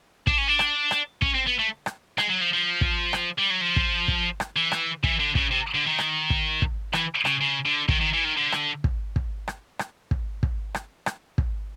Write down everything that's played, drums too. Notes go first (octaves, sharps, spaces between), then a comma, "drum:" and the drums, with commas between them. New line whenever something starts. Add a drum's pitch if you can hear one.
D4, drum: kick
C#4
D4
drum: rim click
drum: rim click
C#4, drum: kick
C4
B3
A3
drum: rim click
G#3, drum: rim click
F#3
F3
F3
drum: kick
drum: rim click
G3
F#3
F3
drum: kick
drum: kick
drum: rim click
E3
drum: rim click
E3, drum: kick
D3
C#3, drum: kick
C3
D3
D#3
drum: rim click
drum: kick
drum: kick
E3, drum: rim click
C#3, drum: rim click
C#3
D3
D#3, drum: kick
D#3
E3
D#3
D3
drum: rim click
drum: kick
drum: kick
drum: rim click
drum: rim click
drum: kick
drum: kick
drum: rim click
drum: rim click
drum: kick